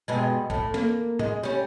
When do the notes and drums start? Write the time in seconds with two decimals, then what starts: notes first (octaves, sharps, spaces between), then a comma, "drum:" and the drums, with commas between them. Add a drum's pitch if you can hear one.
0.08 G2 B2 G#3
0.50 A2, drum: kick A#1
0.74 A#3, drum: snare
1.19 G#3, drum: tom G#2
1.43 G3 C#4